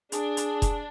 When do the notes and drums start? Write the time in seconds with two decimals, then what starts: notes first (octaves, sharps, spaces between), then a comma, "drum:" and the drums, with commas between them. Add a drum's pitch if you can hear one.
0.12 D4 G#4, drum: hi-hat
0.37 drum: hi-hat
0.62 drum: kick F1, hi-hat